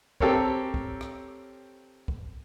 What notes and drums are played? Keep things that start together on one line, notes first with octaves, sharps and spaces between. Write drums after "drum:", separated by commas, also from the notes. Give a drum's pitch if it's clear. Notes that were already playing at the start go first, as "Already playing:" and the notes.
C4 G4 A4 A#4 C#5, drum: kick
drum: kick
drum: rim click
drum: kick